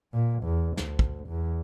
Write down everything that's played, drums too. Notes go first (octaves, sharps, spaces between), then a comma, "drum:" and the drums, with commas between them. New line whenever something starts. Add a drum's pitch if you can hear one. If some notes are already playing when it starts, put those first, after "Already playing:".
A#2
E2
D2, drum: snare
drum: kick
E2